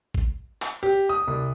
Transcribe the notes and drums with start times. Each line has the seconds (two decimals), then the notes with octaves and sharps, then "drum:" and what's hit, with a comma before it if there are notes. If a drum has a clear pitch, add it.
0.14 drum: kick A1
0.62 drum: clap
0.83 G4
1.09 D#6
1.28 C2